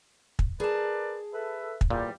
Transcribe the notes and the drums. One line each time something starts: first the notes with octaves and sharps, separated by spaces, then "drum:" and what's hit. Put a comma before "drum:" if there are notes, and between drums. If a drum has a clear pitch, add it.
drum: kick
G#4 A#4 B4 D5 A5
A4 B4 E5
drum: kick
E2 A#2 G3